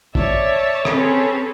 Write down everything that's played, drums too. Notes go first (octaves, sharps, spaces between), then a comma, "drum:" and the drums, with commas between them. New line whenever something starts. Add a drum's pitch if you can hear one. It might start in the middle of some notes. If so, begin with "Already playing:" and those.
C#5 D5 E5 A5, drum: kick
C4 C#4 G#4 A4 B4 C#5, drum: rim click